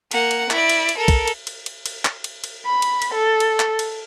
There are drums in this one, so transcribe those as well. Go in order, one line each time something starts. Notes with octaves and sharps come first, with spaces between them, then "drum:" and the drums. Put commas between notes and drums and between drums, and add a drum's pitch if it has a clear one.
A#3 F#5, drum: cymbal
drum: cymbal
E4 D5, drum: clap
drum: cymbal
drum: cymbal
A4 A#4
drum: kick, cymbal
drum: cymbal
drum: cymbal
drum: cymbal
drum: cymbal
drum: clap
drum: cymbal
drum: cymbal
B5
drum: cymbal
drum: cymbal
A4
drum: cymbal
drum: clap
drum: cymbal